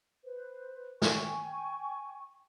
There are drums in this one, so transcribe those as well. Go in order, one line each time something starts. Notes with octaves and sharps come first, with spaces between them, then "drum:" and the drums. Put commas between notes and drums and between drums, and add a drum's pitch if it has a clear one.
B4 C5
G5 G#5 C#6, drum: snare